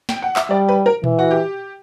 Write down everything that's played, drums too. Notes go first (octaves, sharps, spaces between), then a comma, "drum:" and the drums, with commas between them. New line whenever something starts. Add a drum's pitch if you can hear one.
G5, drum: snare
F#5
E5, drum: clap
G3 D5
B4
A#4
E3, drum: tom A#2
F#4
G4